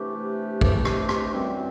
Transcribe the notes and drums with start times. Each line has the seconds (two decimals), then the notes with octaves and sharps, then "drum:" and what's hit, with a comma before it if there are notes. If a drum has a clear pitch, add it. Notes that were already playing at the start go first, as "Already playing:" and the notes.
Already playing: C3 E3 A3 D4 G4
0.61 C3 E3 A3 D4 G4, drum: kick
0.85 drum: rim click
1.09 drum: rim click
1.33 F#2 E3 G3 C4